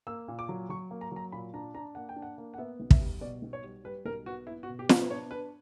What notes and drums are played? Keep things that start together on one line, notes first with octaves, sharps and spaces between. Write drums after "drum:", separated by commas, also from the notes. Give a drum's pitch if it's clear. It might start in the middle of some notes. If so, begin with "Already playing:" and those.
A#3 E6
A#2
D6
F#3
F#3 C#6
A#3
A#5
F#3 A#5
A#2 B5
D4 A#5
D4 A#5
A#3 F#5
G5
D4
F#5
A#3
F#5
B3 E5
B1
E5, drum: kick
G3
B2 D5
B1
C#5
G3
G3 B4
B1 A#4
B3 F#4
B3 E4
F#4
B2
G4
B3 B4, drum: snare
D4 C#5
D4 B4